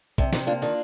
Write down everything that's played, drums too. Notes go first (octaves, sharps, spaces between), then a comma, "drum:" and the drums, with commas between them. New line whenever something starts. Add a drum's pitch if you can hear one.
C3 D4, drum: kick A#1
C3 D#4, drum: snare
A#3 D4 F4
D#3 D4 F4